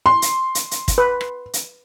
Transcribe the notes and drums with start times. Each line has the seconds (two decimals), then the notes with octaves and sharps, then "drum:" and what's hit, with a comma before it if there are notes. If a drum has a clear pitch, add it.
0.06 C6
0.22 drum: hi-hat
0.55 drum: hi-hat
0.71 drum: hi-hat
0.88 drum: kick, hi-hat
0.98 B4
1.21 drum: rim click
1.53 drum: hi-hat